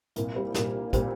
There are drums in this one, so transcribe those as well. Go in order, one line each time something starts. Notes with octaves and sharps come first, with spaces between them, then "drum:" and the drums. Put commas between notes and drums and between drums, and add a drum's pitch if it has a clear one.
C2 A#2 A#3, drum: hi-hat
G3 C4
C2 A#2 A#3, drum: snare
A#2 G3 C4, drum: kick, hi-hat